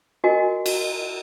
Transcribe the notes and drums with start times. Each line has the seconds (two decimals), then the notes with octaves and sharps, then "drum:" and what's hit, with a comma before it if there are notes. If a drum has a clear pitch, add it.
0.24 F#4 A#4 D#5 G#5
0.66 F#4, drum: cymbal